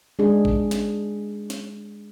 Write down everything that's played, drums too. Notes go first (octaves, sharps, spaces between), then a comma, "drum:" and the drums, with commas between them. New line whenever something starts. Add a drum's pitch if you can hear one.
G#3 D4 G#4
drum: kick A1
drum: snare
drum: snare